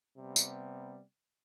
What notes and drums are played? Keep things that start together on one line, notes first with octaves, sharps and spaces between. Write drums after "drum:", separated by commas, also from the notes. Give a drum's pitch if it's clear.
C3 G3 B3
drum: tambourine